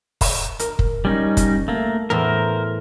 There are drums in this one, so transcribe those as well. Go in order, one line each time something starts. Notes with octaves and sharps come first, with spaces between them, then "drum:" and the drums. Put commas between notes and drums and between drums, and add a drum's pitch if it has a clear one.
drum: kick, open hi-hat
A#4, drum: hi-hat
drum: kick
G3 C#4 D#4
drum: kick, hi-hat
A3 A#3
E2 A2 E3 A#4 C5